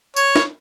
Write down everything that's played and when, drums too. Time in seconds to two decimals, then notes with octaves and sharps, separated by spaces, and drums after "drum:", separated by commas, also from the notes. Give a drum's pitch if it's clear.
0.16 C#5, drum: tambourine
0.36 drum: snare